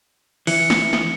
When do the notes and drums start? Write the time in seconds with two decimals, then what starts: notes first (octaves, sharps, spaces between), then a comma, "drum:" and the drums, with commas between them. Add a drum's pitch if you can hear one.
0.47 E3 C#7, drum: open hi-hat
0.70 drum: snare
0.93 drum: snare